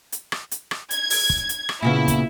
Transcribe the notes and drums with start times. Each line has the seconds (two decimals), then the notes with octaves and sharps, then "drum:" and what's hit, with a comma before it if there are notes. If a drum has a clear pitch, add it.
0.12 drum: hi-hat
0.32 drum: rim click
0.51 drum: hi-hat
0.71 drum: rim click
0.91 G#6, drum: hi-hat
1.10 drum: open hi-hat
1.30 drum: kick
1.49 drum: hi-hat
1.69 drum: rim click
1.82 A#2 C#3 B3 E4
2.08 drum: kick, hi-hat